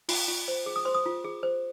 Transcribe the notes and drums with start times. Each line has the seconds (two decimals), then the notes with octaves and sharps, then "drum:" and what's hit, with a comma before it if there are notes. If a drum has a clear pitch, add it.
0.09 F4, drum: open hi-hat
0.28 F4
0.48 C5
0.66 G#4
0.76 D#6
0.85 C5 C6
0.95 D#6
1.06 F4
1.24 G#4
1.43 C5